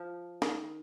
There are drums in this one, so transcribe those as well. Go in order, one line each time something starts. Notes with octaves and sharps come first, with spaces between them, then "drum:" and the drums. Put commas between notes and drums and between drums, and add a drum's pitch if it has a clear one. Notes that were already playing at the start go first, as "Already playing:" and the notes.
Already playing: F3
D#3, drum: snare